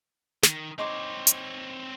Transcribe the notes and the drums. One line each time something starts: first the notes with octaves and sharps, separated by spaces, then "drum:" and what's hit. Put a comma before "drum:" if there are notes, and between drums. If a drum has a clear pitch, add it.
D#3, drum: snare
C4 D#4 C#5 C6 D6
drum: hi-hat